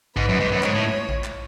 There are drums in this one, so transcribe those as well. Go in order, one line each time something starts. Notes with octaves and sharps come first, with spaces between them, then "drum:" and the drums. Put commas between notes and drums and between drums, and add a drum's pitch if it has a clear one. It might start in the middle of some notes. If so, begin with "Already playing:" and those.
G#2 B4, drum: kick A#1
F#2
G#2
F#2
G#2 C#5, drum: clap
A2
drum: kick A#1
drum: clap